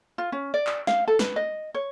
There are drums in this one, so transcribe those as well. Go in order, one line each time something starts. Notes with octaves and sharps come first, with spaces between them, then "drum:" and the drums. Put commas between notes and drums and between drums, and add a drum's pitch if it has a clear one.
F4
C#4
D5
drum: clap
F5, drum: snare
A4
B4, drum: snare
D#5
C#5